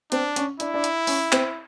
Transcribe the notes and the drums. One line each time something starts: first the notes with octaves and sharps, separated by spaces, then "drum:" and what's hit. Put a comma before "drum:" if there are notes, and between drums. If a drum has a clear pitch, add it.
C4 D4, drum: hi-hat
C#4, drum: hi-hat
D4 E4, drum: hi-hat
D4
drum: hi-hat
C#4, drum: open hi-hat
C4, drum: clap